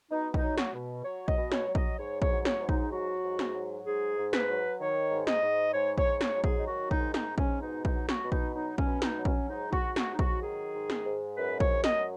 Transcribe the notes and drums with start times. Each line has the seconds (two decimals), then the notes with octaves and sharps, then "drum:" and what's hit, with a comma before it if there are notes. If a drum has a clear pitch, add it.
0.11 B2 D#4
0.34 D#4, drum: kick A#1
0.42 F#3
0.58 F#4, drum: snare
0.74 B2
1.05 F#3 C#5
1.28 D#5, drum: kick A#1
1.36 B2
1.52 C#5, drum: snare
1.67 F#3
1.75 D#5, drum: kick A#1
1.98 G#2 C#5
2.22 C#5, drum: kick A#1
2.29 F#3
2.45 C#5, drum: snare
2.60 G#2
2.69 D#4, drum: kick A#1
2.92 F#3 F#4
3.24 G#2
3.39 drum: snare
3.54 F#3
3.86 G#2 G#4
4.17 G#2
4.33 B4, drum: snare
4.49 F#3
4.80 D#3 C#5
5.11 G#2
5.27 D#5, drum: snare
5.42 G#2
5.74 G#2 C#5
5.98 C#5, drum: kick A#1
6.05 G#2
6.21 C#5, drum: snare
6.36 F#3
6.44 G#4, drum: kick A#1
6.59 D#4
6.67 D#3 F#4
6.91 D#4, drum: kick A#1
6.98 G#2
7.14 D#4, drum: snare
7.30 G#2
7.38 C#4, drum: kick A#1
7.61 B2 D#4
7.85 D#4, drum: kick A#1
7.93 F#3
8.09 F#4, drum: snare
8.24 B2
8.32 D#4, drum: kick A#1
8.55 F#3 D#4
8.78 C#4, drum: kick A#1
8.86 B2
9.02 D#4, drum: snare
9.18 F#3
9.25 C#4, drum: kick A#1
9.49 G#2 D#4
9.73 F#4, drum: kick A#1
9.80 G#2
9.96 F#4, drum: snare
10.12 F#3 D#4
10.19 F#4, drum: kick A#1
10.42 D#3 G#4
10.74 G#2
10.90 drum: snare
11.05 G#2
11.37 F#2 B4
11.60 C#5, drum: kick A#1
11.68 F#2
11.84 D#5, drum: snare
11.99 F#3